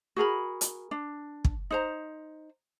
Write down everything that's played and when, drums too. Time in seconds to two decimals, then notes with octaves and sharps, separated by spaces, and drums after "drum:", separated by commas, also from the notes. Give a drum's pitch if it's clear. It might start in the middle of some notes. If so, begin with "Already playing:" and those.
0.16 F#4 G#4 A#4 B5
0.61 drum: hi-hat
0.91 D4
1.45 drum: kick
1.71 D#4 C5 A#5